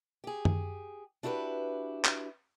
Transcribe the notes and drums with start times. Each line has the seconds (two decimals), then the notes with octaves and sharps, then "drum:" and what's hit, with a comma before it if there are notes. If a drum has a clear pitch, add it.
0.24 G4 G#4
0.45 drum: tom F#2
1.23 D4 E4 F#4 G4 B4
2.05 drum: clap